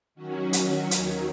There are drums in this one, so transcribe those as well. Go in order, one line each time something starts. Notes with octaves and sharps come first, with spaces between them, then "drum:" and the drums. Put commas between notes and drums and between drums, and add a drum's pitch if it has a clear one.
D#3 F#3 C#4 F#4
drum: hi-hat
D#2 D#3 F#3, drum: hi-hat